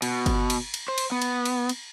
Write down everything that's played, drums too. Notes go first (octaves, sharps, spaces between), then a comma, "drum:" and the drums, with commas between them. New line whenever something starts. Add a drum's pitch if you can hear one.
B2, drum: cymbal
drum: kick G1, cymbal
drum: cymbal
drum: cymbal
C5
drum: cymbal
B3
drum: cymbal
drum: cymbal
drum: cymbal